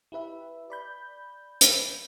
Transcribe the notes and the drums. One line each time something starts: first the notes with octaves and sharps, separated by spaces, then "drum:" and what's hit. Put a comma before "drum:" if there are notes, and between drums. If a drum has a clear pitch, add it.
E4 G4 B4 E5
D5 B5 G6
drum: hi-hat